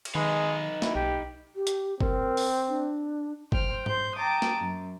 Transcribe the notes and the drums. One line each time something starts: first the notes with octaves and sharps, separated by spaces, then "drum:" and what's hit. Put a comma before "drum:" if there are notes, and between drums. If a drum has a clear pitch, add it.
drum: cymbal
D#3 G#3 D#4 B4
E4, drum: snare
B1 G4
G4
drum: hi-hat
C4 A#4, drum: kick G1
drum: open hi-hat
D4
C5 G5 F6, drum: kick G1
C5 G6, drum: tom G#2
G5 A5 A#5 D6 D#6
drum: snare
F#2